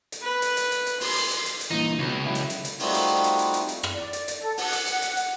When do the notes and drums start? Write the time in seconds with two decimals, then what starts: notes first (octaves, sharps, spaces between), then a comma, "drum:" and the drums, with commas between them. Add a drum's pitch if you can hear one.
0.12 drum: hi-hat
0.22 B4
0.42 drum: hi-hat
0.57 drum: hi-hat
0.72 drum: hi-hat
0.87 drum: hi-hat
1.01 C6, drum: open hi-hat
1.16 drum: hi-hat
1.31 drum: hi-hat
1.46 drum: hi-hat
1.61 drum: hi-hat
1.71 G2 A#2 E3 D#4
1.99 C#2 B2
2.25 F#3 G#3 E4
2.35 drum: hi-hat
2.50 drum: hi-hat
2.65 drum: hi-hat
2.79 G3 A3 C4 D#4 F4 F#4, drum: open hi-hat
2.94 drum: hi-hat
3.24 drum: hi-hat
3.39 drum: hi-hat
3.54 drum: hi-hat
3.69 drum: hi-hat
3.83 drum: rim click
3.93 D5
4.13 drum: hi-hat
4.28 drum: hi-hat
4.40 A4
4.58 F#5, drum: open hi-hat
4.72 drum: hi-hat
4.87 drum: hi-hat
5.02 drum: hi-hat
5.17 drum: hi-hat